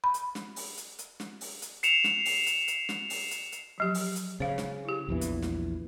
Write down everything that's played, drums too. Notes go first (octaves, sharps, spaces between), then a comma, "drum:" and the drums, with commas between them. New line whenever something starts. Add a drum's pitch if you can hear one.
B5
drum: hi-hat
drum: snare
drum: open hi-hat
drum: hi-hat
drum: hi-hat
drum: snare
drum: open hi-hat
drum: hi-hat
C7 C#7 E7 F7, drum: hi-hat
drum: snare
drum: open hi-hat
drum: hi-hat
drum: hi-hat
drum: snare
drum: open hi-hat
drum: hi-hat
drum: hi-hat
F3 F#3 G4
drum: open hi-hat
drum: hi-hat
C#3 C5 F5
drum: snare
E4 G4
A#1 E2 E3
drum: hi-hat
drum: snare